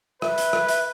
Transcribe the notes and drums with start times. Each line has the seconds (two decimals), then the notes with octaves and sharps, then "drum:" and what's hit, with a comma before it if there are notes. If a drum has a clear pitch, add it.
0.22 B4 E5, drum: rim click
0.38 drum: hi-hat
0.53 drum: rim click
0.69 drum: hi-hat